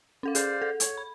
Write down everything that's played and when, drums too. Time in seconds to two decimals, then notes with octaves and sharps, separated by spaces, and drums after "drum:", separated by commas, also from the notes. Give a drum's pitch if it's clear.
0.23 C#4 A4 F5
0.35 G#4 C5 D5 F5, drum: hi-hat
0.62 A4
0.80 C#5, drum: hi-hat
0.97 B5